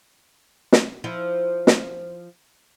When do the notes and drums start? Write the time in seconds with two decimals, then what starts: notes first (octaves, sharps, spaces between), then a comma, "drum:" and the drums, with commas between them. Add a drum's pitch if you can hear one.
0.72 drum: snare
1.04 F3 E4
1.67 drum: snare